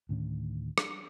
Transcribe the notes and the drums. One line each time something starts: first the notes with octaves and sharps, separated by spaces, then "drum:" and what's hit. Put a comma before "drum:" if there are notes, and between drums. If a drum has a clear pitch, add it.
D2 A2 D#3 C#4
drum: rim click